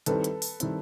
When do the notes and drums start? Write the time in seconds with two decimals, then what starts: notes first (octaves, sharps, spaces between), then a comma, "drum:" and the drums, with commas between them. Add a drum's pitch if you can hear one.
0.06 D#3 G3 C4 E4 A4 B4, drum: hi-hat
0.24 drum: hi-hat
0.42 drum: open hi-hat
0.60 D#3 G3 C4 E4, drum: hi-hat